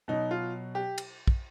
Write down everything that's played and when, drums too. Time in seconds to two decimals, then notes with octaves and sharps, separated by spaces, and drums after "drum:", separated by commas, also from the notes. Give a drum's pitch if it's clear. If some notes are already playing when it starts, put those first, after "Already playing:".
0.08 B2 F#3 D#4
0.31 F4
0.75 G4
0.98 drum: cymbal
1.28 drum: kick